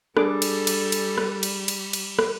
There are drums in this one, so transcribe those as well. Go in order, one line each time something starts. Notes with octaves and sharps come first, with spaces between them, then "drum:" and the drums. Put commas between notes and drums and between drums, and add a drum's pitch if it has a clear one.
G3 D4 G#4 A4 D6, drum: rim click
drum: cymbal
drum: cymbal
drum: cymbal
drum: rim click
drum: cymbal
drum: cymbal
drum: cymbal
drum: rim click